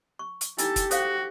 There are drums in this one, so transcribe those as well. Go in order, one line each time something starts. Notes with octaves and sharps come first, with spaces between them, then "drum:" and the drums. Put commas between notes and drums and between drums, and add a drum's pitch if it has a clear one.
C#6
drum: hi-hat
D#4 E4 G4 A4 G#5, drum: hi-hat
drum: kick, hi-hat
F#4 A4 C5 F5, drum: hi-hat